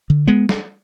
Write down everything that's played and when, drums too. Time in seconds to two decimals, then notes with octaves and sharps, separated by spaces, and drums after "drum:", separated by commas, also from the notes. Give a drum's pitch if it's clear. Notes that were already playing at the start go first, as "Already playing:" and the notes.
0.10 D3
0.27 G#3 B3
0.49 drum: snare